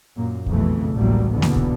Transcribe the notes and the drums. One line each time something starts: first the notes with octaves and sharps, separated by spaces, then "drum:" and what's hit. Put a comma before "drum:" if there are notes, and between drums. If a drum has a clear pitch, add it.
F#2 A#2 A#3
B1 F2 C#3 E3 A3, drum: kick
A1 D2 F#3 G3 A3 A#3
D#2 G#2 B2 D3 E3 B3
drum: snare A#3
drum: kick